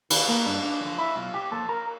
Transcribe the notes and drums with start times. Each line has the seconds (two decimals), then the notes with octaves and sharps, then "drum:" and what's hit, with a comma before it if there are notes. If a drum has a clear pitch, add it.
0.10 D#3, drum: cymbal
0.28 A#3
0.46 G2 D4
0.63 D4
0.81 D3 F3
0.98 E4
1.16 B1 F4
1.34 G4
1.51 A#2 F3 A4
1.69 A#4